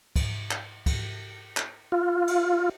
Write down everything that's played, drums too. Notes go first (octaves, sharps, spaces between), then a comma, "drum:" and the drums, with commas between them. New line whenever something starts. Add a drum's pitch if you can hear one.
drum: kick, cymbal
drum: clap
drum: kick, cymbal
drum: clap
F4
drum: cymbal